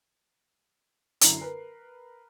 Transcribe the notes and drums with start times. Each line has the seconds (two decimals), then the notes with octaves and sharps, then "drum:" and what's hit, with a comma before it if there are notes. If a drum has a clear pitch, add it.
1.21 F#2 D3 E4 A#5 C7, drum: hi-hat
1.41 A#4 B4